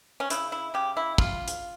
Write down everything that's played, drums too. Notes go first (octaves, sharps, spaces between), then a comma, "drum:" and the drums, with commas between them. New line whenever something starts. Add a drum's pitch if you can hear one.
C#4
C#3 E4, drum: hi-hat
E4
C#3 G4
E4
G3 F4, drum: kick
drum: hi-hat